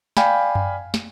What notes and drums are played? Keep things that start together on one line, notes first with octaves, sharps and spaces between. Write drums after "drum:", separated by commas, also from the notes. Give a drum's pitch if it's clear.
D5 F5 G5 G#5 B5, drum: snare
drum: tom F#2
drum: snare